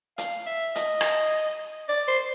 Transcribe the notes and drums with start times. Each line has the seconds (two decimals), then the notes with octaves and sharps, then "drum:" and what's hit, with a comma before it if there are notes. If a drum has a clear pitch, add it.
0.18 F5, drum: hi-hat
0.47 E5
0.75 D#5, drum: hi-hat
1.01 drum: rim click
1.89 D5
2.08 C5